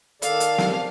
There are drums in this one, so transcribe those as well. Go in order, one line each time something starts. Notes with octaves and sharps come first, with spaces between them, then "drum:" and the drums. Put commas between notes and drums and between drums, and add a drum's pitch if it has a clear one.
D#3 A4 D5 F5, drum: hi-hat
drum: hi-hat
drum: snare